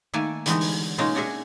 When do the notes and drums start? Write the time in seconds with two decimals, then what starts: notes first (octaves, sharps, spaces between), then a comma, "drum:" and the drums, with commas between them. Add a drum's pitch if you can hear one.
0.14 D#3 A3 A#3 A4 G#5
0.46 D3 E3 G3 G#3 B3 D#4, drum: hi-hat
0.61 drum: open hi-hat
0.98 B2 G#3 A#3 C#4 D#4 F4
1.15 C#4 D4 F#4 G#4 E5